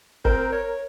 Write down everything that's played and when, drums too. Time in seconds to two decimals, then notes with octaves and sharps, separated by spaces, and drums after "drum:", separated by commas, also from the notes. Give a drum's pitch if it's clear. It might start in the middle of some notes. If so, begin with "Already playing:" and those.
0.25 C4 A#4, drum: kick G1
0.53 C#5